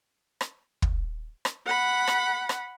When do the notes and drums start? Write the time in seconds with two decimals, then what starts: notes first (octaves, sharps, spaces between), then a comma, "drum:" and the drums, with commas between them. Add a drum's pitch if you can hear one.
0.41 drum: rim click
0.82 drum: kick
1.45 drum: rim click
1.66 F#5 B5
2.07 drum: rim click
2.49 drum: rim click